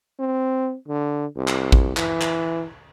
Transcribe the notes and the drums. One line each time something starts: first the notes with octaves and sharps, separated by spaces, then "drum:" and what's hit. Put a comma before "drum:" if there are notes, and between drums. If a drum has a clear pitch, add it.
C4
D3
C2
drum: clap
drum: kick A1
E3, drum: clap
drum: clap